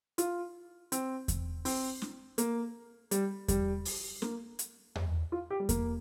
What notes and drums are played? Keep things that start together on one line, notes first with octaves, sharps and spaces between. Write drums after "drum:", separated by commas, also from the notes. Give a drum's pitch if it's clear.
F4, drum: hi-hat
C4, drum: hi-hat
drum: kick E2, hi-hat
C4, drum: open hi-hat
drum: snare
A#3, drum: hi-hat
G3, drum: hi-hat
G3, drum: kick E2, hi-hat
drum: open hi-hat
A#3, drum: snare
drum: hi-hat
drum: tom E2
F4
G4
G3
A#3, drum: kick E2, hi-hat